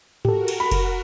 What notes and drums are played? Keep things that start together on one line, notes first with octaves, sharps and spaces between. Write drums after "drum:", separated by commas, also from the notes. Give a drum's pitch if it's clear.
F#4 G4 A4 A#4, drum: tom G#2
drum: cymbal
B5
drum: kick F1, cymbal